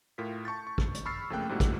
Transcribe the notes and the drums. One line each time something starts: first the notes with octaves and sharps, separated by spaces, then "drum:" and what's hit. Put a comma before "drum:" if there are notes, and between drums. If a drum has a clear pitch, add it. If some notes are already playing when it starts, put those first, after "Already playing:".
A2 F4 A#4 B6
A5 C#6 G6 A6
C#6
drum: kick
drum: hi-hat
B5 C#6 E6 F6 A6 C7
F2 C#3 A3 A#3 G5 F#6
G#2 C3 G3 A3 E4 F#4
drum: kick, hi-hat